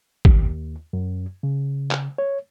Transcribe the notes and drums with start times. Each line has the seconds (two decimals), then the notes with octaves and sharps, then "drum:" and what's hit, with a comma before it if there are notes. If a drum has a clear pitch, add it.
0.25 D#2, drum: kick
0.93 F#2
1.43 C#3
1.91 drum: clap
2.18 C#5